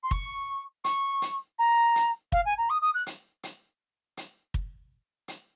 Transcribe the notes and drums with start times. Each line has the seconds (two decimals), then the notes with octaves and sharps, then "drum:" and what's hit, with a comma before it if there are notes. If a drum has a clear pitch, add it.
0.03 C6
0.11 C#6, drum: kick
0.84 C#6, drum: hi-hat
1.22 drum: hi-hat
1.59 A#5
1.96 drum: hi-hat
2.32 F5, drum: kick
2.45 G#5
2.58 A#5
2.70 D#6
2.82 D#6
2.94 F#6
3.06 drum: hi-hat
3.43 drum: hi-hat
4.17 drum: hi-hat
4.54 drum: kick
5.28 drum: hi-hat